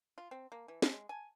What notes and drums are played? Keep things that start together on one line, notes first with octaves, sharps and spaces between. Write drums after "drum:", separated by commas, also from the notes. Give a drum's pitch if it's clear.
F4
C4
A#3
E3
G#3, drum: snare
G#5